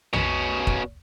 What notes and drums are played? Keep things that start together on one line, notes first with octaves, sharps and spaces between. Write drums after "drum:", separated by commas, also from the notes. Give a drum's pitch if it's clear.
B2 C#4, drum: tom
drum: kick